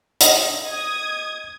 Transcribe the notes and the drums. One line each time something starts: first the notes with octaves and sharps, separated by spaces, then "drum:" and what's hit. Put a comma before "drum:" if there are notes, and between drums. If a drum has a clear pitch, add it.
D#5, drum: hi-hat
D#6 G#6